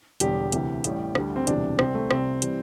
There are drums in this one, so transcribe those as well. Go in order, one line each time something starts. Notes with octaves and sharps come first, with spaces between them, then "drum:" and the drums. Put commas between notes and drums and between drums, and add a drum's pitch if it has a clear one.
E1 E2 D3 G3 G4, drum: hi-hat
D2 C3 E3, drum: hi-hat
A1 A2 G3, drum: hi-hat
D2 D3 G3, drum: rim click
C4
E1 D2 C3 E3 G3 D4, drum: hi-hat
C2 C3 G3 C4, drum: rim click
A3
C2 C3 G3 C4, drum: rim click
E3 G3, drum: hi-hat